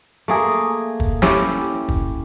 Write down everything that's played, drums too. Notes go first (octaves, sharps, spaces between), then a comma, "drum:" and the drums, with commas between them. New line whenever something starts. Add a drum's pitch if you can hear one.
A3 A#3 G#4
drum: kick
C#4 E4 G4, drum: snare
drum: kick